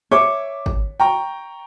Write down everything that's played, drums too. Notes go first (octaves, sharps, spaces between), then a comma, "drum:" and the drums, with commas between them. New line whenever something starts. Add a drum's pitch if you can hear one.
C#5 E5 D6
drum: kick
G5 A#5 C#6